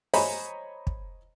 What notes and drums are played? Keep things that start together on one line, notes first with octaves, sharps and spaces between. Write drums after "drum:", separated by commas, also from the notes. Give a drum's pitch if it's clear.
C5 C#5 D#5 G#5 A#5 B5, drum: open hi-hat
drum: kick